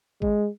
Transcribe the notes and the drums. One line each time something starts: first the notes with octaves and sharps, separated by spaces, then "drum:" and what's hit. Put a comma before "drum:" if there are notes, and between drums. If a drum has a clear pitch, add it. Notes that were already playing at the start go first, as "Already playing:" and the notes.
G#3, drum: kick G#1